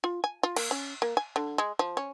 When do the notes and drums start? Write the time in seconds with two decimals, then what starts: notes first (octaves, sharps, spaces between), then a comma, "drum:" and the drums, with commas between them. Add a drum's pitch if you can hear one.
0.04 F4
0.24 G#5
0.43 F4
0.56 A#3, drum: cymbal
0.71 C#4
1.02 A#3
1.17 G#5
1.36 D3
1.58 G#3
1.79 F3
1.97 C#4